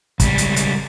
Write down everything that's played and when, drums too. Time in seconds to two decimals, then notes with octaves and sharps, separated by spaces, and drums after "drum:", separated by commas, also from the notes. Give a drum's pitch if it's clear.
0.20 C#2 G3, drum: kick, hi-hat
0.38 drum: hi-hat
0.56 drum: hi-hat